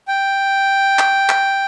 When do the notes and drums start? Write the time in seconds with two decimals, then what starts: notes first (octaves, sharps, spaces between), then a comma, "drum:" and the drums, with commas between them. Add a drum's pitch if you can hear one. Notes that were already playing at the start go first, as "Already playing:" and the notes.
0.08 G5
0.99 drum: clap
1.29 drum: clap